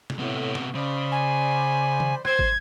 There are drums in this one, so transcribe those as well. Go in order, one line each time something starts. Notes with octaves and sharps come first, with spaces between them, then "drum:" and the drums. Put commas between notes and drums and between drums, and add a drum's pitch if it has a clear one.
drum: snare
A2 C3 B3
drum: snare
C#3 C5 D5 B5
G#5
drum: tom
C5 G#6, drum: rim click
drum: kick